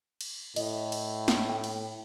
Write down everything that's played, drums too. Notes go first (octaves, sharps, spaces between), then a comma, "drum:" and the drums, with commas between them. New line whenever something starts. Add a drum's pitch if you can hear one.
drum: cymbal
A2 D#5, drum: cymbal
drum: cymbal
drum: snare
G5
drum: cymbal